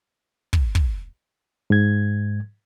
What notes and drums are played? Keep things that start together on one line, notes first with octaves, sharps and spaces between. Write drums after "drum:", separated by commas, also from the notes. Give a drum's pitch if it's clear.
drum: kick
drum: kick
G#2 G#6